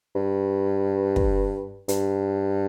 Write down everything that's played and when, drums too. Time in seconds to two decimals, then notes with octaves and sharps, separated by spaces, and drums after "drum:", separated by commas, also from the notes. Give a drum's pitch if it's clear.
0.15 G2
1.16 drum: kick
1.88 G2, drum: hi-hat